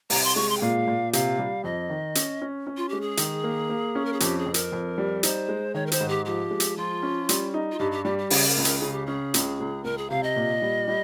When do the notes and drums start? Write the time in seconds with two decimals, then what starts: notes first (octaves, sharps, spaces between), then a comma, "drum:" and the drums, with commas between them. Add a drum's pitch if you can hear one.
0.10 C2 A#5, drum: open hi-hat
0.24 C6
0.36 G#3 C#6
0.49 C6
0.57 G5
0.61 A#2 F5
0.87 A#2
1.13 C3 F5, drum: hi-hat
1.39 G3
1.64 F2 D#5
1.90 D#3
2.15 C#4, drum: hi-hat
2.41 C#4
2.67 C#4
2.77 F4
2.89 G#3 G4
3.01 G#4
3.17 D#3, drum: hi-hat
3.44 A#3
3.69 A#3
3.95 C#4
4.05 A#4
4.13 G#4
4.20 F2 G4, drum: hi-hat
4.38 G#4
4.46 F2
4.54 A#4, drum: hi-hat
4.72 F2
4.98 G3
5.23 D#4 C5, drum: hi-hat
5.49 G#3
5.74 D#3 C#5
5.86 A#4
5.92 C5, drum: hi-hat
6.00 G#2
6.09 G4
6.25 F3 G4
6.51 G#3
6.60 drum: hi-hat
6.77 F3 F4
7.03 C#4
7.29 G3, drum: hi-hat
7.54 D#4
7.72 F4
7.79 G2 G4
7.92 G4
8.05 G3 G4
8.18 G4
8.30 C#3 G#4, drum: open hi-hat
8.47 A#4
8.57 C#2
8.65 A#4, drum: hi-hat
8.78 C#3 G#4
8.92 G4
9.06 C#4 G#4
9.34 C#2, drum: hi-hat
9.59 C#2
9.84 C#2 A#4
9.98 G#4
10.10 C3 F5
10.23 D#5
10.36 A#2
10.62 G3
10.88 G3